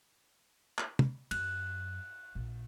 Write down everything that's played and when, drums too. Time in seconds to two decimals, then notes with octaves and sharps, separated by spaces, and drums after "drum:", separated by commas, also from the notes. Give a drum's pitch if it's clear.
0.78 drum: clap
0.99 drum: tom
1.31 F#2 F#6, drum: cymbal
2.35 A#1